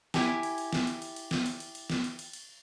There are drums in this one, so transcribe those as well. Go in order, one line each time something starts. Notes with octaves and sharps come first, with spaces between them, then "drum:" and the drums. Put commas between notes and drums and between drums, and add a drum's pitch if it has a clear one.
E4 G4 G#5, drum: snare
drum: cymbal
drum: cymbal
drum: snare
drum: cymbal
drum: cymbal
drum: cymbal
drum: snare
drum: cymbal
drum: cymbal
drum: cymbal
drum: snare
drum: cymbal
drum: cymbal
drum: cymbal